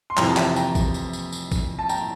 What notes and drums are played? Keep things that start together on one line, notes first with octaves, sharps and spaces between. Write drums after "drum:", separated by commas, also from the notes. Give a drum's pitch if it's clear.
C6
F2 C3 E3 G5 A#5, drum: clap
A5
E5 G5, drum: clap
G5 A#5, drum: tambourine
drum: kick, tambourine
drum: tambourine
drum: tambourine
drum: tambourine
drum: kick, tambourine
A5
G5 A#5, drum: tambourine